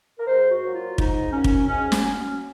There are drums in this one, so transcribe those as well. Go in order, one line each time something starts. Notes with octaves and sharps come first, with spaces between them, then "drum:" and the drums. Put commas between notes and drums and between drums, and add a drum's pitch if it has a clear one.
A#4
G#2 C5
F#4
F#3 A#3
F4
G#2 D#4, drum: kick
F#3 A#3 C#4
drum: kick
G#2 C#4
C#4, drum: snare
F#3 A#3
C#4